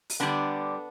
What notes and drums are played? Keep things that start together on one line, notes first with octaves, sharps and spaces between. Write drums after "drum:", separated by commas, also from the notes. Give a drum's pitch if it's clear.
drum: open hi-hat
D3 G3 B3 D4